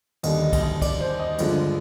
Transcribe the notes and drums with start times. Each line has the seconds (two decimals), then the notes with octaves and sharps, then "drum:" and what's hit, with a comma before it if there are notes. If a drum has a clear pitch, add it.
0.23 D#2 D3 G3 D#5, drum: cymbal
0.44 D#5
0.53 drum: kick, cymbal
0.62 D#5
0.82 D5, drum: kick, cymbal
1.00 C5
1.20 D#5
1.38 G2 D3 F3 G#3 D4, drum: cymbal